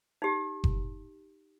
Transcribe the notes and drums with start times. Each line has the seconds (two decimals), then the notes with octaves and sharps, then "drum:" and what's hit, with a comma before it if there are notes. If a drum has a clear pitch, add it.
0.22 D#4 G4
0.64 drum: kick F#1